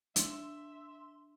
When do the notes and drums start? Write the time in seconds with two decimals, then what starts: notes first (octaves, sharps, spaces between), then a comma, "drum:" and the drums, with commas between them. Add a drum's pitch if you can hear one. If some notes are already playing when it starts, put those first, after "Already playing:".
0.16 D4 E5 C6, drum: hi-hat